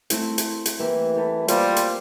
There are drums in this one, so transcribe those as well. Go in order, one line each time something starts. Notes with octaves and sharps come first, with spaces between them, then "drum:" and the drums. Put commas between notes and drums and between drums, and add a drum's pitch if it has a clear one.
A3 C4 E4, drum: hi-hat
drum: hi-hat
drum: hi-hat
E3 A#3 G4 E5
G4 A4 B4
G3 A#3 F4 C5, drum: hi-hat
drum: hi-hat